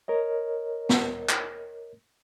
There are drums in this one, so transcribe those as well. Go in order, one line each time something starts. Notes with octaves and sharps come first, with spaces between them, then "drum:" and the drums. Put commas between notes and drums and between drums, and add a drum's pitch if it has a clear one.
A#4 C#5 D#5
drum: snare
drum: clap